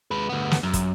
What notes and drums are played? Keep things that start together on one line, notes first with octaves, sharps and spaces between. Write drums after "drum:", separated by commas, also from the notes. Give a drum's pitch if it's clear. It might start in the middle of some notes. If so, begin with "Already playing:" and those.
G#3 B4
D2 B3
drum: snare
F#2
drum: kick, hi-hat